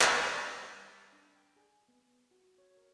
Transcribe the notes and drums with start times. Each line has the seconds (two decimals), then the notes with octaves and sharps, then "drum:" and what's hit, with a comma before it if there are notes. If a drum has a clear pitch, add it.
0.01 drum: clap
0.28 E5
0.57 G3
0.72 A#4
0.86 B5
1.13 D4
1.36 G5
1.56 G#4
1.88 B3
2.31 F#4
2.44 F#4
2.58 C#5
2.77 A#4